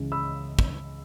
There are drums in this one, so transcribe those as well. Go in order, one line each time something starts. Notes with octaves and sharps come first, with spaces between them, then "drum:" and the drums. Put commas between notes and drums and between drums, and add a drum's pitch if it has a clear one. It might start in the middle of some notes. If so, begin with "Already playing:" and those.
Already playing: C#2 C#3 E3
B5 E6
drum: kick